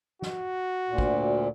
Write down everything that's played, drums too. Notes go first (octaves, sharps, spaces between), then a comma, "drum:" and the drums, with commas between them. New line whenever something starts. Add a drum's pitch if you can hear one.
F#4, drum: snare
D2 A#2
drum: kick